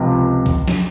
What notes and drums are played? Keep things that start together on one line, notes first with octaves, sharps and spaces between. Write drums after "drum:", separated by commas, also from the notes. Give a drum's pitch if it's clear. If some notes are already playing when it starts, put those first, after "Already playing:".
Already playing: C#2 C3 F3
drum: kick
drum: snare